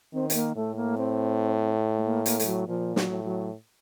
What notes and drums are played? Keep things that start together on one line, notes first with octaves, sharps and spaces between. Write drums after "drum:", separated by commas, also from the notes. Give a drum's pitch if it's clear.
D#3 C4
C4, drum: hi-hat
A#3
A2 A3
A#3
C4
A3
A#3
A#3, drum: hi-hat
A3, drum: hi-hat
F#3
A#2 F3
F#3, drum: snare
A2
F#3